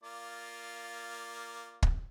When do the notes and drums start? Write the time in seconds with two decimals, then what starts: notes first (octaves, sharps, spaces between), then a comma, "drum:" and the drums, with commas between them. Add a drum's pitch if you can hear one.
0.03 A#3 F4 D5
1.83 drum: kick